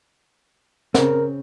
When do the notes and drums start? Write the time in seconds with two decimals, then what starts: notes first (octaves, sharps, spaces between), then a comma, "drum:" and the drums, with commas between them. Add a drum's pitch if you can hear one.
0.94 C#3 C4 A#4, drum: snare